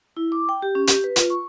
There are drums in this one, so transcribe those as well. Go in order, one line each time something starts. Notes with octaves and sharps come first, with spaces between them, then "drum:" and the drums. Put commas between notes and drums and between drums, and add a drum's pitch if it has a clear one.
E4
D6
G5
G4
C#4
G4, drum: hi-hat
B4
F4, drum: hi-hat
C#6